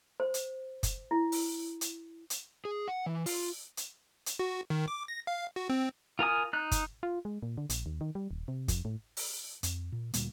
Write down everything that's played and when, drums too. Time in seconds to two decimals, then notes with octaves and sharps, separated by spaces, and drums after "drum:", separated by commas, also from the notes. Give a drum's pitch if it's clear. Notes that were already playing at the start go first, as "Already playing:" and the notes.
0.20 C5
0.34 drum: hi-hat
0.83 drum: kick F#1, hi-hat
1.11 E4
1.32 drum: open hi-hat
1.81 drum: hi-hat
2.30 drum: hi-hat
2.65 G#4
2.88 F#5
3.06 E3
3.26 F4, drum: open hi-hat
3.77 drum: hi-hat
4.26 drum: hi-hat
4.39 F#4
4.70 D#3
4.88 D6
5.08 A#6
5.27 F5
5.56 F#4
5.70 C4
6.19 F4 A#4 G#5 D#6
6.53 D#4 F#6
6.71 drum: kick F#1, hi-hat
7.03 F4
7.25 G#3
7.43 A#2
7.58 D3
7.70 A#1, drum: hi-hat
7.86 D#2
8.01 D#3
8.15 G3
8.31 D#1
8.48 C3
8.68 F2, drum: kick F#1, hi-hat
8.85 A2
9.17 drum: open hi-hat
9.63 F2, drum: hi-hat
9.92 A#2
10.14 D2 A#2 G3 A#3, drum: hi-hat